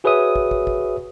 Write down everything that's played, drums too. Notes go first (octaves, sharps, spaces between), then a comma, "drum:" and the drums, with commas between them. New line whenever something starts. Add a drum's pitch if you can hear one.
F#4 G#4 B4 C#5 E5 D#6
drum: kick
drum: kick
drum: kick